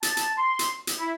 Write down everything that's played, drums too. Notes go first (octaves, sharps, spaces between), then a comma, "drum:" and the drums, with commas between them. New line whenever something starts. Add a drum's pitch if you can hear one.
A5, drum: hi-hat
drum: hi-hat
C6
drum: hi-hat
drum: hi-hat
E4